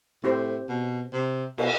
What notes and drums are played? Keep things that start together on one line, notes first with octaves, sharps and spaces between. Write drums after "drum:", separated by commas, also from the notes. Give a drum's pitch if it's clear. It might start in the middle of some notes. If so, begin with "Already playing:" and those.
A2 C4 G4 C5
B2
C3
B2, drum: cymbal